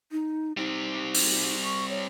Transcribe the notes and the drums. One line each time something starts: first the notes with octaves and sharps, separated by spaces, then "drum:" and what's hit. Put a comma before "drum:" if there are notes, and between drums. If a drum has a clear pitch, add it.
D#4
G3 C4 D#4
drum: open hi-hat
C#6
C#5